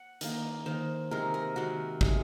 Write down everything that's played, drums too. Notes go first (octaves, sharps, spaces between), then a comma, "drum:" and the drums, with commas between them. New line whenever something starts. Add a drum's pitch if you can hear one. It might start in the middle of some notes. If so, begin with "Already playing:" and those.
Already playing: F#5
D#3 A#3, drum: hi-hat
D#3 A#3 C5
C3 D#3 G#3 A#4
A#4
C3 D#3 G#3 F#4
C3 D#3 G#3 G#4, drum: kick